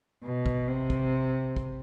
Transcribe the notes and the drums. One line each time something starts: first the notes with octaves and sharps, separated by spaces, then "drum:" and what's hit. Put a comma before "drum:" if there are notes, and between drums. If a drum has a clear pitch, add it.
B2
drum: kick
C3
drum: kick
drum: kick